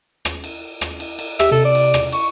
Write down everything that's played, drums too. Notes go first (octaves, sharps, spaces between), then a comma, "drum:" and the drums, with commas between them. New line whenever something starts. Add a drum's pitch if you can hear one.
drum: rim click
drum: cymbal
drum: rim click
drum: cymbal
drum: cymbal
G4 E5, drum: rim click
C3 A4
D5
drum: cymbal
drum: rim click
C#6, drum: cymbal